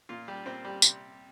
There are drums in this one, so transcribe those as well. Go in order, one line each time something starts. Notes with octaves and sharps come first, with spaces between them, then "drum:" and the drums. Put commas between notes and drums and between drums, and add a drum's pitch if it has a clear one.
A#2 F4
G3 G4
A#2 C4 C5
G3 G4
C3, drum: tambourine